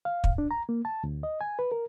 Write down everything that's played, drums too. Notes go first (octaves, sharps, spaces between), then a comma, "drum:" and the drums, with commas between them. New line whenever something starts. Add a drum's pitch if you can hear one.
F5
drum: kick
D4
A#5
A#3
A5
D2
D#5
G#5
B4
A#4